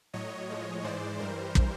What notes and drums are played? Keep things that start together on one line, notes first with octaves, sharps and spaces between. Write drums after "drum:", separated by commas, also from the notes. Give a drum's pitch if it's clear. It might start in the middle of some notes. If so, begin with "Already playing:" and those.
A2 F#3 C#5 D#5
A2 F3 G#3
G#2 E3 G#3 C5 D5
G2 E3 G3 A#4 C5
drum: kick